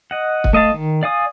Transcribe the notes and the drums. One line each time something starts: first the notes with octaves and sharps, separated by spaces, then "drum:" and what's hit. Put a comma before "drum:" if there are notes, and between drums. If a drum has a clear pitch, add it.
D#5 F#5
drum: kick
A3 D#5 F5 A5
D#3
D5 F5 G#5 D#6